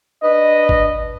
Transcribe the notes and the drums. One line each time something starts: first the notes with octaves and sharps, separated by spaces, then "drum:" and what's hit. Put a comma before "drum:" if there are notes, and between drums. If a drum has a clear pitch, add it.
D4 B4 D#5
drum: kick G1